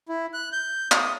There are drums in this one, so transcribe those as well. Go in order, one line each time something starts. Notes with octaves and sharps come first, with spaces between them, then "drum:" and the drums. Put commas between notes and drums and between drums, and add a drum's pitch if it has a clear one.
E4
F#6
G6
D#6, drum: clap